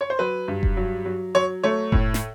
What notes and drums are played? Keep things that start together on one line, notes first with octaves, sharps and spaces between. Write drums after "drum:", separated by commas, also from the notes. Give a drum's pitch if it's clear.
C#5
C5
F#3 B4
G2
drum: kick F1
F#3
F#3
F#3 C#5
A3 C#5
A2, drum: kick F1
drum: snare